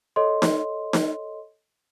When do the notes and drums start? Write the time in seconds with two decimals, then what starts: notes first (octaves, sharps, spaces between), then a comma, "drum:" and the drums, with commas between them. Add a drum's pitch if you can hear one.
0.16 A4 C#5 D#5 C6
0.42 drum: snare D#4
0.93 drum: snare D#4